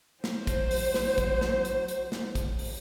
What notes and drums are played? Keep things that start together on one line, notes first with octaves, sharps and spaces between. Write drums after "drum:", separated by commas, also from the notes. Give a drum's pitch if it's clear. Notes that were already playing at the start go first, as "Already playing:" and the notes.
F#3 C5, drum: snare
drum: kick, hi-hat
drum: open hi-hat
drum: snare
drum: kick, hi-hat
drum: snare
drum: hi-hat
drum: hi-hat
drum: snare
drum: kick, hi-hat
drum: open hi-hat